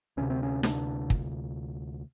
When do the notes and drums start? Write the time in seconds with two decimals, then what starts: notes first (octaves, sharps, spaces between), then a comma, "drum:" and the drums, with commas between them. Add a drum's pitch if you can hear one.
0.17 D2 C3 C#4
0.30 C4
0.43 C#4
0.63 D4, drum: snare
1.10 drum: kick